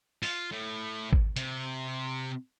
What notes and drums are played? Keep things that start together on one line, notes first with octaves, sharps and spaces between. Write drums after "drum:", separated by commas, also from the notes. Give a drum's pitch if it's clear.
F4, drum: open hi-hat
A2
drum: kick G#1
C3, drum: hi-hat